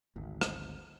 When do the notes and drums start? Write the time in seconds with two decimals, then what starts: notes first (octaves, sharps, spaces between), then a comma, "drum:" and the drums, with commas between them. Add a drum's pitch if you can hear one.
0.16 G#1 D2
0.41 drum: rim click